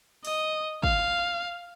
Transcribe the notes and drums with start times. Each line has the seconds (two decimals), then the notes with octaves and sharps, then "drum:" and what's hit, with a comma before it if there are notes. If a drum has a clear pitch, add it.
0.25 D#5, drum: open hi-hat
0.83 F5, drum: kick